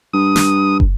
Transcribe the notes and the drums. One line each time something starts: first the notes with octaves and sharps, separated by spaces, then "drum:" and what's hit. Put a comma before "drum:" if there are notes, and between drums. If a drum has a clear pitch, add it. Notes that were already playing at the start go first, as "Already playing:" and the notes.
G2 D#6
drum: snare
drum: kick